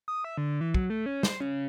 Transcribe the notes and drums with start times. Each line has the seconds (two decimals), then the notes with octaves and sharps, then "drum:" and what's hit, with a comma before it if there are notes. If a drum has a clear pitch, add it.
0.08 D#6
0.24 E5
0.38 D3
0.61 E3
0.74 F#3, drum: kick
0.90 A3
1.06 C#4
1.23 C5, drum: snare
1.41 C#3